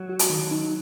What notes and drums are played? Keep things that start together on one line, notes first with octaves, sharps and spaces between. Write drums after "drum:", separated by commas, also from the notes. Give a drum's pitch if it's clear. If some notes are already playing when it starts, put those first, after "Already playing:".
Already playing: F#3
F#4
drum: hi-hat
D#3
D#4